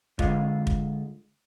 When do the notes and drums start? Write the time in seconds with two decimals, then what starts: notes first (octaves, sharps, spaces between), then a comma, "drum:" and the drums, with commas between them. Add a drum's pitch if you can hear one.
0.19 D3 G#3 F4, drum: kick
0.67 drum: kick